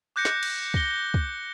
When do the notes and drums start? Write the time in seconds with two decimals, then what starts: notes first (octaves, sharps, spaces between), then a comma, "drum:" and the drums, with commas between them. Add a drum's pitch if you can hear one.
0.16 D6 F#6 G6 A#6 C#7
0.25 drum: snare
0.43 drum: cymbal
0.74 A#6 G7, drum: kick
1.14 drum: kick